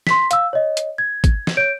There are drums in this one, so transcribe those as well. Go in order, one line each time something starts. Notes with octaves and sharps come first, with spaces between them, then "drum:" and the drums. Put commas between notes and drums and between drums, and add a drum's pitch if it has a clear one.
C6 B6, drum: snare
F5 E6, drum: hi-hat
C#5 D#5
drum: hi-hat
G#6
drum: kick, hi-hat
drum: snare
C#5 G6 D7